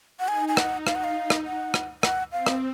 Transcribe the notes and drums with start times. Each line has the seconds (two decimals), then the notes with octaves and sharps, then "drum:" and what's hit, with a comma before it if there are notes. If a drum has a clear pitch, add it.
0.20 F#5
0.28 D#4 G#5
0.48 G#5
0.57 F#5, drum: rim click
0.87 F5, drum: rim click
0.95 F#5
1.04 F5
1.30 drum: rim click
1.45 F#5
1.74 drum: rim click
2.03 F#5, drum: rim click
2.32 C4 F5
2.46 drum: rim click